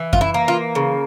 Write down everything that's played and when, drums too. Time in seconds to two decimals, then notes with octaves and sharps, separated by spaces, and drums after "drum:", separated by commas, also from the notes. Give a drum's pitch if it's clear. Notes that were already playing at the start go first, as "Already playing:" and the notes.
Already playing: E3
0.13 F4, drum: kick F#2
0.21 E4
0.34 A#3
0.48 F4
0.75 C#3